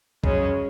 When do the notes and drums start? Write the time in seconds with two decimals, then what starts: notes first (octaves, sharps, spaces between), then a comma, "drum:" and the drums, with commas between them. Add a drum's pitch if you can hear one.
0.24 F#2 C#3 G#3 C#4, drum: kick B1